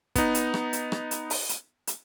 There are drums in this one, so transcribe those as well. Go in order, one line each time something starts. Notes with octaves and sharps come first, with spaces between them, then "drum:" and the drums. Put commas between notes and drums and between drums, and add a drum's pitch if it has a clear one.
B3 D#4, drum: kick, hi-hat
drum: hi-hat
drum: rim click
drum: hi-hat
drum: rim click
drum: hi-hat
drum: open hi-hat
drum: hi-hat
drum: hi-hat